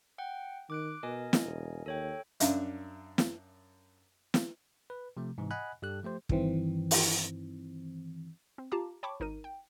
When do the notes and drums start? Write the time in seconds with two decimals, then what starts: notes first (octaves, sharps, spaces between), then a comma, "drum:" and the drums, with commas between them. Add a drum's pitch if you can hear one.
0.18 F#5 G5
0.70 D#3 D6 F#6 D7
1.03 B2 A#4 D#5 G#5
1.33 drum: snare
1.45 E1
1.86 D#2 A4 C#5 G5
2.40 F#2 D4 E5 F5, drum: hi-hat
3.18 drum: snare
4.34 drum: snare
4.90 B4
5.17 C3 F3 A3
5.38 G#2 C3 E3
5.51 D#5 F#5 G#5 B5 F#6
5.82 G2 G3 G4 A4 F#6
6.03 F3 A3 G4 C5
6.29 G2 D#3 E3 C4, drum: kick
6.91 drum: open hi-hat
8.58 C4
8.72 F4 G4 F5 A5 A#5 D6
9.03 C#5 G5 A5 B5 C#6 D6
9.20 G#1 D#4 A#4 D#7
9.44 G5